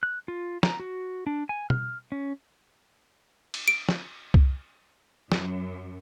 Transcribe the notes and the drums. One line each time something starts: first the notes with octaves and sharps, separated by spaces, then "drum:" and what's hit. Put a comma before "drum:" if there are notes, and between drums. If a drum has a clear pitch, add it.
F#6
F4
A#5, drum: snare
F#4
D4
G#5
F6, drum: tom B2
C#4
drum: cymbal
D7
drum: snare
drum: kick C2
F#2, drum: snare